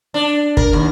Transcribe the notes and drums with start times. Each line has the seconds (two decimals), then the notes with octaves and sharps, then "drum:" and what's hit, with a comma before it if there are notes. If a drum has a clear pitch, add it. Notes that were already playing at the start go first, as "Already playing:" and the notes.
0.14 D4
0.57 A#4, drum: kick
0.73 D#2